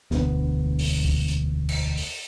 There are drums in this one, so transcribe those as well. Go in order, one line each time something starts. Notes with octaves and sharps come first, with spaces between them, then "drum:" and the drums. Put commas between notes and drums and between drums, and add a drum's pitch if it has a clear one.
E1 D2 A3 B3, drum: snare
drum: open hi-hat
drum: kick
drum: hi-hat
drum: cymbal
drum: open hi-hat